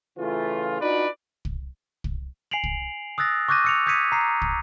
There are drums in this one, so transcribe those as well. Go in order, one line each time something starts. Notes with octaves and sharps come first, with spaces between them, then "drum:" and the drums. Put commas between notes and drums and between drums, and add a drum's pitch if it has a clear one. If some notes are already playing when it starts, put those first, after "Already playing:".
C#3 E3 A3 F4
D4 D#4 F4 F#4 B4 D5
drum: kick
drum: kick
G#5 C7 D7 F7 F#7
drum: kick
D#6 E6 F#6 A6 A#6
C#6 D6 F#6 G6 A#6 D#7
E6 C#7 F7
D#6 G6 G#6 B6 C#7 D#7
A#5 C7
drum: kick